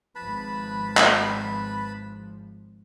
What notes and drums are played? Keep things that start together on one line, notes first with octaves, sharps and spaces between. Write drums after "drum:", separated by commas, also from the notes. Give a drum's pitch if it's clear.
G#1 F3 B4 A5 B5
drum: clap